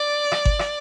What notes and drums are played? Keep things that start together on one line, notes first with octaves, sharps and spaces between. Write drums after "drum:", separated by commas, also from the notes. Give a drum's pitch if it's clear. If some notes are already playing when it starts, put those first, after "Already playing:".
Already playing: D5
drum: rim click
drum: kick G1
drum: rim click